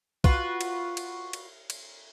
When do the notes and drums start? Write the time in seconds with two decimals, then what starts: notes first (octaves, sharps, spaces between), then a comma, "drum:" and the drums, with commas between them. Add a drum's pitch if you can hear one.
0.24 F4 F#4 B4, drum: kick
0.61 drum: cymbal
0.97 drum: cymbal
1.33 drum: cymbal
1.70 drum: cymbal